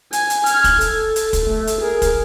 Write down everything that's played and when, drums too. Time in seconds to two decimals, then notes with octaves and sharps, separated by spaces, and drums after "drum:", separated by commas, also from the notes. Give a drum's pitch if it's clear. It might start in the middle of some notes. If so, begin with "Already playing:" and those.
0.13 G#5, drum: hi-hat
0.30 drum: hi-hat
0.46 F6 G#6, drum: hi-hat
0.64 drum: kick, hi-hat
0.81 A4, drum: hi-hat
1.16 drum: hi-hat
1.33 drum: kick, hi-hat
1.46 A3
1.67 drum: hi-hat
1.81 G#4 A#4
2.02 drum: kick, hi-hat